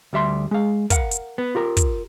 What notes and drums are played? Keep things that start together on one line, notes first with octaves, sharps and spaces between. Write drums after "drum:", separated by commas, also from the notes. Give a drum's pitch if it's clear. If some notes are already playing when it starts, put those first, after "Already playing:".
D2 G3 E5 C6
G#3 F5
A#4 F5 F#5, drum: kick, hi-hat
drum: hi-hat
B3
F4 G4 A#4
drum: kick, hi-hat